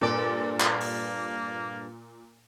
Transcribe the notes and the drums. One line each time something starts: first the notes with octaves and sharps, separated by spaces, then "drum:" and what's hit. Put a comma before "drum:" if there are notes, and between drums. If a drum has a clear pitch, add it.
G2 A#2 A4 D5 D6
A#3, drum: clap
drum: open hi-hat